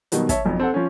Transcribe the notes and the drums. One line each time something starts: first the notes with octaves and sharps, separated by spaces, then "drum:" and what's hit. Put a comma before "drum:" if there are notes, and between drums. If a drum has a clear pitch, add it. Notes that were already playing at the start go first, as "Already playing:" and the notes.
B2 D#3 F#3 G3, drum: hi-hat
C#5 E5 A5, drum: kick, hi-hat
B1 F2
C4 A4 C5 F#5
F3 C#4